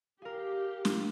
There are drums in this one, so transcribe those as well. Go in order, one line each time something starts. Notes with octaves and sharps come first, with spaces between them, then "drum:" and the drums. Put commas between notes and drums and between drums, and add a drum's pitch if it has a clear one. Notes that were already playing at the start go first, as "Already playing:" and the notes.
G4 G#4 A#4 F5
drum: snare